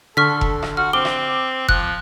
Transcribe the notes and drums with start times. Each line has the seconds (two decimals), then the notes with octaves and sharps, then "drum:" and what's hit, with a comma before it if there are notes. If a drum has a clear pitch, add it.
0.17 D3 A4 C#6 F6 B6
0.41 drum: kick F1
0.62 drum: rim click
0.77 F#4 F6
0.93 C4 D6 G7
1.05 drum: rim click
1.69 F3 F#6, drum: kick F1